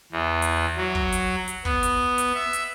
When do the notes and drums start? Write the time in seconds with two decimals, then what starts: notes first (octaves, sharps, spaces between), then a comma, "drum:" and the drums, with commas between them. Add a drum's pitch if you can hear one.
0.12 E2
0.42 drum: hi-hat
0.77 F#3
0.95 drum: kick
1.12 drum: hi-hat
1.48 drum: hi-hat
1.65 B3, drum: kick
1.83 drum: hi-hat
2.18 drum: hi-hat
2.34 E5
2.53 drum: hi-hat